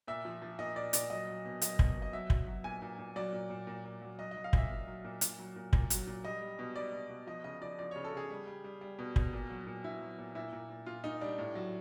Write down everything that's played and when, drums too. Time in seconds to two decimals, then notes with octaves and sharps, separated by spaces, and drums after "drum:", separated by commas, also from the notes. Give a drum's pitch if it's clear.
0.08 A#2 E5
0.25 F3
0.42 F3
0.59 A#2 D#5
0.76 A#2 D5
0.93 A#2 D5, drum: hi-hat
1.10 F#3 D#5
1.27 F#3
1.45 B2
1.62 F#3 D#5, drum: hi-hat
1.79 B2, drum: kick
1.96 B2
2.02 D#5
2.13 F#3 E5
2.30 F#3, drum: kick
2.47 F#3
2.64 A#2 G#5
2.82 A#2
2.98 A#2
3.16 F#3 D5
3.33 A#2
3.50 A#2
3.67 A#2
3.85 A#2
4.01 F#3
4.19 F#3 D#5
4.31 F#3 D#5
4.44 F5
4.53 A#2 E5, drum: kick
4.70 A#2
4.87 F#3
5.04 A#2
5.21 A#2, drum: hi-hat
5.39 F#3
5.56 A#2
5.73 A#2, drum: kick
5.90 F#3, drum: hi-hat
6.07 A#2
6.24 G3 D#5
6.41 G3
6.59 B2
6.76 G3 D5
6.93 B2
7.10 B2
7.27 F3 D#5
7.44 C#3 D#5
7.61 F3 D5
7.78 F3 D5
7.91 C#3 C#5
8.04 A4
8.13 C#3 G#4
8.30 G3
8.47 G3
8.64 G3
8.81 G3
8.99 B2
9.16 B2, drum: kick
9.33 A#2
9.50 F#3
9.67 A#2
9.84 A#2 E4
10.01 F#3
10.18 A#2
10.35 A#2 E4
10.52 A#2
10.70 A#2
10.86 A#2 F4
11.04 A#2 D#4
11.21 G3 D4
11.38 A2
11.55 F#3